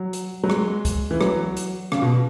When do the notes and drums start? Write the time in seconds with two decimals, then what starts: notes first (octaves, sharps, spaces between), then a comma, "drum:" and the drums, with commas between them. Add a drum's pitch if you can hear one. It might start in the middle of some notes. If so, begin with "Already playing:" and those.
Already playing: F#3
0.13 drum: hi-hat
0.44 F#3
0.50 G#3, drum: rim click
0.85 drum: kick C#2, hi-hat
1.11 E3
1.21 F#3, drum: rim click
1.57 drum: hi-hat
1.92 C#3, drum: rim click
2.02 B2